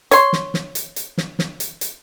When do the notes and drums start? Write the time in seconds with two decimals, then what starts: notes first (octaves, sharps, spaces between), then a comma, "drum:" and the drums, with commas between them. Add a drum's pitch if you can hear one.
0.11 C#5 C6, drum: hi-hat
0.33 drum: snare
0.54 drum: snare
0.75 drum: hi-hat
0.96 drum: hi-hat
1.18 drum: snare
1.39 drum: snare
1.60 drum: hi-hat
1.81 drum: hi-hat